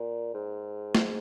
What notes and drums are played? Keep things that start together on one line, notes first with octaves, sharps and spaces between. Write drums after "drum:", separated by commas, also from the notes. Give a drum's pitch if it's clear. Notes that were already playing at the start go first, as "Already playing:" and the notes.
Already playing: A#2
G#2
drum: snare